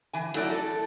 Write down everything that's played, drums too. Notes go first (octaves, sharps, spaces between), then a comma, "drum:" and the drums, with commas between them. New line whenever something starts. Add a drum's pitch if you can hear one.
E3 G#5
F#3 A3 E4 D5, drum: hi-hat
A4